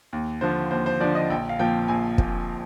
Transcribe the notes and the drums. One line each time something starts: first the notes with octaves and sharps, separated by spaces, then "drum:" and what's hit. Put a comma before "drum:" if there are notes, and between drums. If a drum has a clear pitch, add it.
D#2
D3 F3 C5
D#2 C5
C5
D3 F3 D5
D#5
A#1 G5
F5
A#2 F3 G5
A#1 G#5
A#2 F3, drum: kick